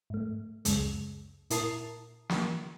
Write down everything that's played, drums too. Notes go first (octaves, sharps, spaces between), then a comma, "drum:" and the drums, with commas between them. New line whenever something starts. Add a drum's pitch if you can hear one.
G#2 A3
C#2 F#2 C#3 G#3, drum: hi-hat
A#2 E4 A#4 A5 D#6 C7, drum: hi-hat
drum: snare